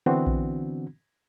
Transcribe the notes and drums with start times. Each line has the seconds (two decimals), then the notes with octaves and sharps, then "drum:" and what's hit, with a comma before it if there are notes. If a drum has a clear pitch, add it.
0.06 D3 E3 B3 C4 D4 F#4
0.27 drum: kick A#1